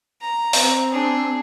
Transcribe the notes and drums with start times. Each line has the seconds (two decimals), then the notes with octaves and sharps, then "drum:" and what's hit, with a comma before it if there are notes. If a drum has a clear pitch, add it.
0.21 A#5
0.53 C4, drum: open hi-hat
0.91 D4 G#4